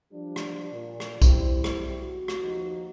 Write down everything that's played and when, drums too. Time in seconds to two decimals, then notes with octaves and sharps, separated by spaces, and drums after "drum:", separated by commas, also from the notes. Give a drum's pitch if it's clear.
0.12 F3 G3 D4
0.36 drum: rim click
0.72 A#2
1.00 drum: rim click
1.22 G3 C4 E4, drum: kick B1, tambourine
1.64 drum: rim click
2.00 F#4
2.28 drum: rim click
2.41 D#2 F3 D#4